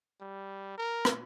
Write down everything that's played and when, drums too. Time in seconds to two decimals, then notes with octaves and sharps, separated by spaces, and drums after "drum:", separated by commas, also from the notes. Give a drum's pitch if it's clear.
0.21 G3
0.78 A#4
1.05 drum: rim click